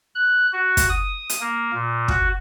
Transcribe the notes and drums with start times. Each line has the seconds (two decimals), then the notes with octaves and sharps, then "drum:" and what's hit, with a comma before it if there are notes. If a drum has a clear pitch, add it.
0.15 F#6
0.53 F#4
0.77 drum: kick, hi-hat
0.89 D#6
1.30 drum: hi-hat
1.40 A#3
1.73 A#2
2.08 F#4, drum: kick